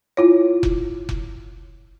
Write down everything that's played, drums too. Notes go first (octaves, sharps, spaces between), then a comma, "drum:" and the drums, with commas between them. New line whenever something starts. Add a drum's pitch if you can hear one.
E4 F4 C#5
drum: kick F1
drum: kick F1